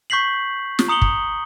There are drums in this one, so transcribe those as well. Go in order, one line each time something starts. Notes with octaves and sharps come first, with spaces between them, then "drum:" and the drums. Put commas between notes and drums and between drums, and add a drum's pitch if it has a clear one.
C#6 G6 B6 C7 F#7
drum: snare
A#5 D#6 C#7 F#7 G7
drum: kick